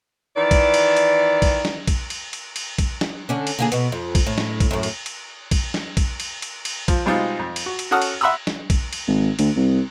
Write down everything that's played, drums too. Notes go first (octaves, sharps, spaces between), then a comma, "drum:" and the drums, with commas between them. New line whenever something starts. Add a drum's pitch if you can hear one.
D#3 E3 D5
drum: kick, cymbal
drum: cymbal
drum: cymbal
drum: kick, cymbal
drum: snare
drum: kick, cymbal
drum: cymbal
drum: cymbal
drum: cymbal
drum: kick, cymbal
drum: snare
D3 C#4 D4
drum: cymbal
D3 A#3 G#4
B2 B3, drum: cymbal
F2
drum: kick, cymbal
A2
drum: snare
drum: kick, cymbal
F#2 A2
drum: cymbal
drum: cymbal
drum: kick, cymbal
drum: snare
drum: kick, cymbal
drum: cymbal
drum: cymbal
drum: cymbal
F3, drum: kick, cymbal
B2 G3 G#3 C4 D#4 F4
F2
drum: cymbal
F#4
drum: cymbal
C#4 F#4 A4 F#5 D#6 F6
drum: cymbal
E5 F#5 B5 C6 D#6 E6
drum: snare
drum: kick, cymbal
drum: cymbal
G#1
D2, drum: cymbal
C2